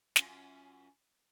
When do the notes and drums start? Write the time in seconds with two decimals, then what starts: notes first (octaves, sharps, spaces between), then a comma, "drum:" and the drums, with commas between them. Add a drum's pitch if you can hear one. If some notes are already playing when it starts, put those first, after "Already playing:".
0.16 F#2 C#4 F4, drum: snare